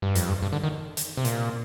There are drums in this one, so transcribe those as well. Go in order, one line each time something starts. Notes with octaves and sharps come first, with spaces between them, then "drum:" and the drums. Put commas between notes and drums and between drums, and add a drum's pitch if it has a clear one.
G2
F2, drum: hi-hat
G2
G2
D3
D#3
drum: hi-hat
C3
A#2, drum: hi-hat